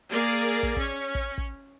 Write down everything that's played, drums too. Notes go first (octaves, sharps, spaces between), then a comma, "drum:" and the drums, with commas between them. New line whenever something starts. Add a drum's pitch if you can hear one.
A#3 G#4 D5
drum: kick
C#4, drum: kick
drum: kick
drum: kick